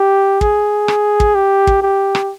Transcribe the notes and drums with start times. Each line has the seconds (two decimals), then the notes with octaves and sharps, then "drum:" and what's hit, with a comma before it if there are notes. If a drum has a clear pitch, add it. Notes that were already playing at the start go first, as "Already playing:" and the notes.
Already playing: G4
0.41 G#4, drum: kick
0.88 drum: rim click
1.20 drum: kick
1.35 G4
1.67 drum: kick
1.82 G4
2.15 drum: rim click